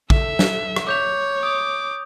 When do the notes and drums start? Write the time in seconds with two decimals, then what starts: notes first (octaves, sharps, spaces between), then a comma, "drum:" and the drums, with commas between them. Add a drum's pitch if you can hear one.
0.10 A4 E5, drum: kick
0.39 drum: snare
0.76 drum: rim click
0.87 C#5 D6 G6 F7
1.43 D6 D#6